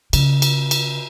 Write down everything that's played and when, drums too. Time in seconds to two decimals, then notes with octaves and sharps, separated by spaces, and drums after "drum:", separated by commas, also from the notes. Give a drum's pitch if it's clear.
0.13 C#3, drum: cymbal
0.42 drum: cymbal
0.71 drum: cymbal